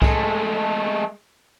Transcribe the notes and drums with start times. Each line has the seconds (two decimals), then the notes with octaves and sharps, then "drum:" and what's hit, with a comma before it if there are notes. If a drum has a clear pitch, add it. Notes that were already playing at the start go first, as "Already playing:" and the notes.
0.02 G#3 A3, drum: kick C2